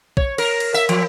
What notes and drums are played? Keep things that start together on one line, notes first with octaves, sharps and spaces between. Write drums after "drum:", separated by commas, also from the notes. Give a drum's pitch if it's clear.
C#5, drum: kick
A#4, drum: cymbal
drum: cymbal
E5, drum: tambourine
F3, drum: cymbal